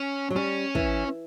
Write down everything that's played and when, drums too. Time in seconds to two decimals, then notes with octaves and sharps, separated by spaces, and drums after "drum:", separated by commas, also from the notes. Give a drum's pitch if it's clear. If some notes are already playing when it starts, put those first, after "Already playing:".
Already playing: C#4
0.31 F#3
0.36 G3 C#4
0.75 E3, drum: kick